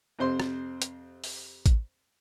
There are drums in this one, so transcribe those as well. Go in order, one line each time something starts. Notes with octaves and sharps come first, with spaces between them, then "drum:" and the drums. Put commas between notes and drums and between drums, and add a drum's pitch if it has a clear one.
F2 C3 C5 C6
drum: rim click
drum: hi-hat
drum: open hi-hat
drum: kick A1, hi-hat